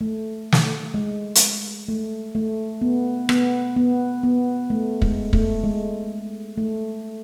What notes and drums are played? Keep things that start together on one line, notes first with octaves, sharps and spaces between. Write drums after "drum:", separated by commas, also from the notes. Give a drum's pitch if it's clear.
A3
drum: snare
G#3
drum: hi-hat
A3
A3
B3
B3, drum: rim click
B3
B3
A3
G#3, drum: kick
A3, drum: kick
G#3
A3